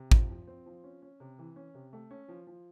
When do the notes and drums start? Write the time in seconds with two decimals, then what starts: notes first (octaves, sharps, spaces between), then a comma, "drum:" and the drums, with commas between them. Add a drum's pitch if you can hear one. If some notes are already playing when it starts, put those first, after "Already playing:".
Already playing: C3
0.11 F3, drum: kick
0.30 F3
0.47 C4
0.66 F3
0.84 C#4
1.02 C#4
1.20 C3
1.39 E3
1.56 C#4
1.74 C3
1.93 A3
2.11 C#4
2.28 F3
2.47 F3